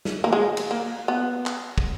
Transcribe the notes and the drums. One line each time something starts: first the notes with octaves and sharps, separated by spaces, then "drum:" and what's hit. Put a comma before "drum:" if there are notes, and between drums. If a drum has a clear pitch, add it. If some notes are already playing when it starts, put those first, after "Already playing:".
drum: snare
A#3
G#3
drum: cymbal
A#3
B3
drum: clap
drum: kick